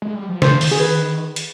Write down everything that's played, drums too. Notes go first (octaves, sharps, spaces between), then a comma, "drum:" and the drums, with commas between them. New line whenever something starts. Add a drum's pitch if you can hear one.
G#3
G3
F3
D#3 C5, drum: snare
drum: open hi-hat
G#4
B4
drum: hi-hat